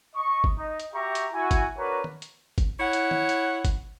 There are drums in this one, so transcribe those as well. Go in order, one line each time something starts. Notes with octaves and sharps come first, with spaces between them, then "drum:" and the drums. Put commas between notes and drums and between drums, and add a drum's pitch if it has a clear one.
D#5 C#6
drum: kick
D#4 D#5
drum: hi-hat
F#4 G4 E5 G5 A#5 C#6
drum: hi-hat
E4 F#4 G#5
drum: kick, hi-hat
D4 F#4 A#4 B4 C#5 A#5
drum: tom
drum: hi-hat
drum: kick, hi-hat
E4 C#5 F#5
drum: hi-hat
drum: tom
drum: hi-hat
drum: kick, hi-hat